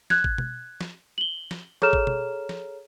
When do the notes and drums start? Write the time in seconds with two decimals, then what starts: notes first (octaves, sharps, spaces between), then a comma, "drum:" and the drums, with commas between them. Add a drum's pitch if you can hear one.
0.10 F#6 G#6, drum: snare
0.24 drum: kick
0.38 drum: tom B2
0.81 drum: snare
1.18 F#7 G7
1.51 drum: snare
1.82 G#4 A4 C#5 A#5 F6 E7, drum: snare
1.93 drum: kick
2.07 drum: tom B2
2.49 drum: snare